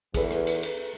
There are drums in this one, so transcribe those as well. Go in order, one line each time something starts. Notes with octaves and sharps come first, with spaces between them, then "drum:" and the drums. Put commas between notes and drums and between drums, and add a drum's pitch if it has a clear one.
E2 G#4 A4 B4, drum: kick, cymbal
drum: rim click
drum: cymbal
drum: cymbal